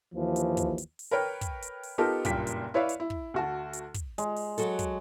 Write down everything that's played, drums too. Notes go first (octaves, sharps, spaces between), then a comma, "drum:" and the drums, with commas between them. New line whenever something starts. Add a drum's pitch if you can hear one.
D#2 E3 F3
drum: hi-hat
drum: kick, hi-hat
drum: hi-hat
drum: open hi-hat
A#4 B4 C#5 G5
drum: kick, hi-hat
drum: hi-hat
drum: open hi-hat
B3 D#4 F4 G4 A4 A#4
F#1 G2 A#2 A#3 G5 B6, drum: kick, hi-hat
drum: hi-hat
E4 B4 C#5 D5 E5 F5
drum: hi-hat
E4
drum: kick
D2 F#4 A5
drum: hi-hat
drum: kick, hi-hat
G#3, drum: hi-hat
drum: open hi-hat
F#3 F#4 A4, drum: hi-hat
drum: kick, hi-hat